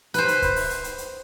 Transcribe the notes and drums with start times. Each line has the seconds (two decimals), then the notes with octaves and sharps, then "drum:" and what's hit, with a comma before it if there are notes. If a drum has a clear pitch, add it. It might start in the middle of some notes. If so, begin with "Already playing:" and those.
0.14 B4 C5, drum: hi-hat
0.28 drum: hi-hat
0.42 drum: kick C#1, hi-hat
0.56 drum: open hi-hat
0.70 drum: hi-hat
0.84 drum: hi-hat
0.98 drum: hi-hat